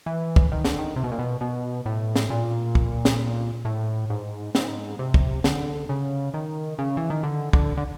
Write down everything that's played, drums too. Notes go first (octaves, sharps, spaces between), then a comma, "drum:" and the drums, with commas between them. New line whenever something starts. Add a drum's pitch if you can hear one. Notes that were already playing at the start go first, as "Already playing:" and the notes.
E3
drum: kick
D#3
D3, drum: snare
D#3
C3
B2
A#2
B2
B2
A2
drum: snare
A#2
drum: kick
drum: snare
A2
G#2
G#2, drum: snare
C3
drum: kick
D3, drum: snare
C#3
D#3
C#3
E3
D#3
D3
D3, drum: kick
D3